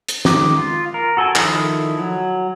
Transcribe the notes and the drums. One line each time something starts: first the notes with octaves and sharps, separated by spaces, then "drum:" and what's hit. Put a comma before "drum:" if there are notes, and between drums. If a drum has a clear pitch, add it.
drum: hi-hat
D#3 G#3 D6, drum: snare
F4
A#4
F#4 A4 C5 G#5
D#3 F3 E4 A4 D#6, drum: clap
F#3